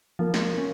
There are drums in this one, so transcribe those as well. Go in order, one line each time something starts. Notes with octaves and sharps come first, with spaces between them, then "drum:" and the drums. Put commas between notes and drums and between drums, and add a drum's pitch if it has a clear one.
F3 A#3
drum: snare
C#4